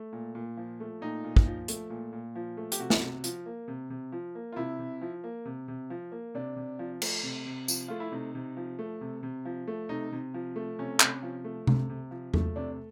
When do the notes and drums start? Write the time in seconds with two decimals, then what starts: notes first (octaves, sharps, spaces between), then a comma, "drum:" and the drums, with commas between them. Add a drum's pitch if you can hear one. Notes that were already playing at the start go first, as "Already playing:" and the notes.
Already playing: A3
0.12 A#2
0.35 A#2
0.57 F3
0.80 A3
1.01 A#2 D#4
1.24 A#2
1.36 drum: kick
1.46 F3
1.68 A3, drum: hi-hat
1.90 A#2
2.12 A#2
2.35 F3
2.57 A3
2.72 G4, drum: hi-hat
2.79 C3 F#4
2.90 drum: snare
3.02 C3
3.24 F3, drum: hi-hat
3.46 A#3
3.68 C3
3.90 C3
4.12 F3
4.35 A#3
4.52 F4
4.56 C3 E4
4.79 C3
5.02 F3
5.24 A#3
5.45 C3
5.68 C3
5.90 F3
6.12 A#3
6.35 C3 D4
6.56 C3
6.79 F3
7.02 A3, drum: cymbal
7.23 C3
7.46 C3
7.68 F3, drum: tambourine
7.88 A3 F4
8.00 E4
8.12 C3 D#4
8.35 C3
8.57 F3
8.79 A3
9.01 C3
9.23 C3
9.45 F3
9.67 A3
9.89 C3 D#4
10.12 C3
10.34 F3
10.56 A3
10.79 C3 C#4
11.00 C3, drum: clap
11.23 F3
11.44 A3
11.67 C3, drum: tom C3
11.89 C3
12.11 F3
12.34 A3, drum: tom E2
12.56 C3 D4